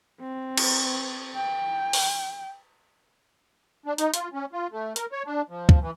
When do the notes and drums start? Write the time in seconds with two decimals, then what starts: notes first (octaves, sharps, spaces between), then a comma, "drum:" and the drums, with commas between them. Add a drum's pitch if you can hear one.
0.21 C4
0.57 drum: cymbal
1.36 G5
1.93 drum: open hi-hat
3.85 D4
3.98 D#4, drum: hi-hat
4.14 F4, drum: hi-hat
4.33 C#4
4.53 F4
4.72 A3
4.96 A#4, drum: hi-hat
5.12 C#5
5.26 D4
5.50 F3
5.69 drum: kick
5.81 E3